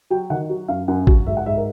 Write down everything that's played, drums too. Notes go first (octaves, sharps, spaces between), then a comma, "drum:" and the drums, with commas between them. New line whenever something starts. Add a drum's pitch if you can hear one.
F#3 G5
D#3 F#5
F#3
F#2 F5
F#2 F#5
F#3, drum: kick G#1
G#2 E5
F#5
G#2 E5
A#4